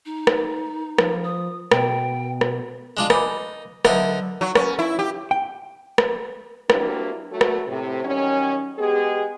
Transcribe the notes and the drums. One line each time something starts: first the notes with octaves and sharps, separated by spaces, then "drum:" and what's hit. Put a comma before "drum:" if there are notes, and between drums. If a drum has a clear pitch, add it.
D#4
drum: rim click
F3, drum: rim click
D#6
B2 G5, drum: rim click
drum: rim click
G#3 D4 F4
D#4 G#5 B5 D6, drum: rim click
D3 F#3 D#4 A#4 E5, drum: rim click
F#3
C#4, drum: rim click
E4
G4
G5
drum: rim click
F#3 G3 A#3 C4 D4 E4, drum: rim click
F#3 A3 F#4
drum: rim click
A2 C3
D#3 F#3 G3 C#4
G#3 B3 G4 G#4